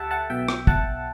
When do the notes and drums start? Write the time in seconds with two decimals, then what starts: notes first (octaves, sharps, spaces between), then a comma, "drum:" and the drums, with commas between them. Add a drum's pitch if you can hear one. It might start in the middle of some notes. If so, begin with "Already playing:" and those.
Already playing: D2 G4 A4 E5 F#5 G5 A5
0.11 F#5 A5
0.30 B1 B2 E5 G5
0.48 drum: rim click
0.67 F#5 A5, drum: kick